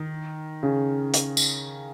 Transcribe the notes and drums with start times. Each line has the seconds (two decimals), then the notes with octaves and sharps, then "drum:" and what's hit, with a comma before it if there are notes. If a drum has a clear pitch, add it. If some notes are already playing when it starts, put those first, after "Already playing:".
Already playing: D#3
0.63 C#3
1.14 drum: hi-hat
1.37 drum: tambourine